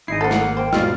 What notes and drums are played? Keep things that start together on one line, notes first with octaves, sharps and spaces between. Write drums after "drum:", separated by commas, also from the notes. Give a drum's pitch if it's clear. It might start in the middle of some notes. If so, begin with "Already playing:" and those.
G#1 D#4 E4 G#4 C7
A#3 A4 C5 F#5
drum: snare
C5 G5
E2 G#2 B2 F4 D5 F6, drum: snare